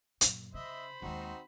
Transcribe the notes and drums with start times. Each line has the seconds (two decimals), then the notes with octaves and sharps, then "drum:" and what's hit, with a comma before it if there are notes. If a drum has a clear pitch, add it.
0.21 F#2 A#2, drum: hi-hat
0.54 C#3 C5 D#5 E5 B5
1.02 D#2 G#3 C4 D#4 F#4